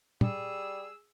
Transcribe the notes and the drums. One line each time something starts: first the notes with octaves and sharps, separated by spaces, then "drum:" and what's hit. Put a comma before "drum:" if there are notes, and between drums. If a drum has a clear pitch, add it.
G3 G#4 E6, drum: tom